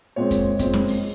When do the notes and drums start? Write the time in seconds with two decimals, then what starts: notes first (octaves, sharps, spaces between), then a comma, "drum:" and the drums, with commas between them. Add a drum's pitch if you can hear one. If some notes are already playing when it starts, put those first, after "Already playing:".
0.16 A#2 G#3 C4 C#5
0.31 drum: kick F2, hi-hat
0.59 A#2 G#3 C4, drum: kick F2, hi-hat
0.74 drum: snare C#4
0.88 drum: open hi-hat